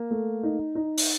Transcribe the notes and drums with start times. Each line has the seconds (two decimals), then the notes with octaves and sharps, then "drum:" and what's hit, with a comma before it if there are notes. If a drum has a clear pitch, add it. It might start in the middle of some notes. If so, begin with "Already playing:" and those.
Already playing: A#3
0.11 A3
0.43 D#4
0.75 D#4
0.97 drum: open hi-hat